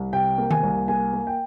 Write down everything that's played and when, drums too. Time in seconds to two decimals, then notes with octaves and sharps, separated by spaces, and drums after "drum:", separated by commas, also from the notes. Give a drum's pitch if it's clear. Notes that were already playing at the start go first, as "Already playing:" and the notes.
Already playing: C2
0.13 C3 G5
0.38 A#3
0.51 G#5, drum: tom D#3
0.63 C2
0.88 A#3 G#5
1.13 A#3
1.27 G5